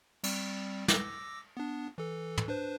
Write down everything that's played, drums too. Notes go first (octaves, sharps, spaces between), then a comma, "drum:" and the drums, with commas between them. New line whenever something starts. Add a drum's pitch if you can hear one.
G3 C4, drum: cymbal
D6 E6 A#6, drum: snare
B3 D4
E3 A4
drum: tom
D4 B4 C5